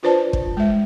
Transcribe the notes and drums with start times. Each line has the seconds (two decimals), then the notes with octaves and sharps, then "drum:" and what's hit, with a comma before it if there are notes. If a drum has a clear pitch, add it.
0.03 D4 F4 B4 C5 D5 A5
0.33 drum: kick
0.57 G#3 E5